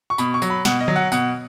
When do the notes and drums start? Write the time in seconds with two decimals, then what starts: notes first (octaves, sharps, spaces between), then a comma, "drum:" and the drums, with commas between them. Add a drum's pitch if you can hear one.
0.10 C#6
0.18 B2 B5, drum: tambourine
0.34 C#6
0.42 F#3, drum: tambourine
0.50 B5
0.65 B2 F#5, drum: snare
0.81 D#5
0.88 F#3, drum: tom D3
0.96 F#5
1.12 B2 F#5, drum: tambourine